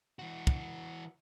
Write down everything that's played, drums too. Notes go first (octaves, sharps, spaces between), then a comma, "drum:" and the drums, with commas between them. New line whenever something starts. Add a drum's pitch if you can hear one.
E3 F#4
drum: kick